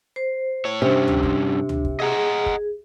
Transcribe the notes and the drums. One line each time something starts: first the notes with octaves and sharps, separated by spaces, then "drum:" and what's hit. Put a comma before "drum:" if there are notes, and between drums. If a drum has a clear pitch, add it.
C5
A2 C#5
G2 C3 C#4 D4
drum: tom C#2
drum: kick
drum: tom C#2
drum: kick
G#4 D#5 F#5 A#5
drum: kick